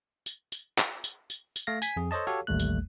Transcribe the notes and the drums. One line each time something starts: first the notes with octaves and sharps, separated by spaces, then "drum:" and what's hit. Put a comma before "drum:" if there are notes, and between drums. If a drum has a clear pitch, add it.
drum: tambourine
drum: tambourine
drum: clap
drum: tambourine
drum: tambourine
drum: tambourine
A3 F5 A#6
G#5 B6, drum: tambourine
F2 G#4
A4 C5 C#5 D#5 A5
F#4 G4 A4 C#5 F5
A1 D#2 G3 A3 F#6
drum: tambourine